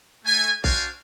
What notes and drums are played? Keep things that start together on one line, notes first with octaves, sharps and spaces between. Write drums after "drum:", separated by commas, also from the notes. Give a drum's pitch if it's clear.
A3 G#5
D4 F#4 C5 D5 F5 G#5, drum: kick A#1